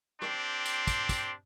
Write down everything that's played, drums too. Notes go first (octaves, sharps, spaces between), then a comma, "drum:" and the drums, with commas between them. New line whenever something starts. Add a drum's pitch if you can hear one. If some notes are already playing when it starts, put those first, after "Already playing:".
C4 D4 G4 C6, drum: rim click
drum: tambourine
drum: kick, tambourine
drum: kick, tambourine